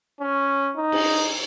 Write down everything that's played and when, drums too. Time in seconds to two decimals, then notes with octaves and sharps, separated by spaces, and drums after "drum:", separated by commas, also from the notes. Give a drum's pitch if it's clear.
0.20 C#4
0.77 D#4
0.92 drum: cymbal